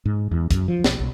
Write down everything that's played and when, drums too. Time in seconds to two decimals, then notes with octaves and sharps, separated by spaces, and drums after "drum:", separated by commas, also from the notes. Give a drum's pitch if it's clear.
0.05 G#2
0.31 E2
0.51 F#2, drum: kick, hi-hat
0.68 F3
0.84 B1, drum: snare
1.00 B1